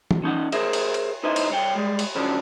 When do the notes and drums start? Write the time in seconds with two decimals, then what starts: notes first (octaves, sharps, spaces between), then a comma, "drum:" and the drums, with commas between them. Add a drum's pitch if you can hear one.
0.11 drum: tom E3
0.24 C#4 D#4 F#5
0.52 G#4 A#4 C5 E5, drum: cymbal
0.73 drum: cymbal
0.94 drum: cymbal
1.23 D#4 E4 B4 C5 D#5 E5
1.36 drum: cymbal
1.50 C2 C#5 G5
1.75 G3 G#3
1.99 drum: cymbal
2.15 C#3 F3 F#3 C#4 D4